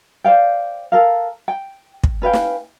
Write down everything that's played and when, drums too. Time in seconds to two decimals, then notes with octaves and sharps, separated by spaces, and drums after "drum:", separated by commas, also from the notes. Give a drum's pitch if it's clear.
0.24 C5 D5 F5 G5
0.92 A4 A#4 F5
1.48 G5
2.04 drum: kick
2.22 C#4 B4 F5 G5
2.33 drum: snare